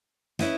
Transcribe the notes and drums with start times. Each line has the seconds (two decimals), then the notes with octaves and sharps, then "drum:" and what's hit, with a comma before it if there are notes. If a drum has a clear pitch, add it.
0.39 C#4 E4 B4 D#5, drum: snare